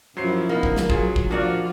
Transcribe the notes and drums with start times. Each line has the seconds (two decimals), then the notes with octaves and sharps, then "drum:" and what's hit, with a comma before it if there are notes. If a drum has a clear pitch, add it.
0.17 F#2 F3 F#3 E4 C5 C7
0.49 A#3 B3 D#4
0.63 drum: kick
0.76 drum: snare
0.90 F#3 F4 G#4, drum: kick
1.16 drum: kick
1.31 F3 A#3 D4 F4 F#4 D5